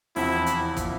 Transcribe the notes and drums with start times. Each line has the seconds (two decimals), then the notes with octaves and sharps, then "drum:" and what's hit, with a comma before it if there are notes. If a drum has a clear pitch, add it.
0.16 F1 E2 C3 F3 C4 E4, drum: open hi-hat
0.46 drum: hi-hat
0.77 A#2 F3, drum: kick, hi-hat